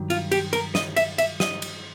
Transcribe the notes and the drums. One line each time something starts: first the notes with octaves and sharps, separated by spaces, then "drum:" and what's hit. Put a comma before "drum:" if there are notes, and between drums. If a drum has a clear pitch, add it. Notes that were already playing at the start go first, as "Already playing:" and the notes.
Already playing: G2 D#3 F#3
F4, drum: cymbal
G4, drum: cymbal
A#4, drum: cymbal
D#5, drum: snare
E5, drum: cymbal
E5, drum: cymbal
D#5, drum: snare
drum: cymbal